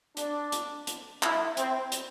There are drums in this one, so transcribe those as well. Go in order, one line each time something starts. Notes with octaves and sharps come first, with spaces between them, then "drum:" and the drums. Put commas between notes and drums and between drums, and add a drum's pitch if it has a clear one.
D4, drum: hi-hat
drum: hi-hat
drum: hi-hat
E4, drum: clap
C4, drum: hi-hat
drum: hi-hat